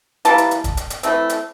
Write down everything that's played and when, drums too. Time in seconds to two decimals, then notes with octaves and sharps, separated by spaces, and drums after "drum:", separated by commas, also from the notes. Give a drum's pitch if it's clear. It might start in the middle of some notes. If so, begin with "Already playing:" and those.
0.25 E3 G3 A#3 A5, drum: hi-hat
0.38 drum: hi-hat
0.51 drum: hi-hat
0.64 drum: kick, hi-hat
0.77 drum: hi-hat
0.90 drum: hi-hat
1.03 E3 A3 C4, drum: hi-hat
1.29 drum: hi-hat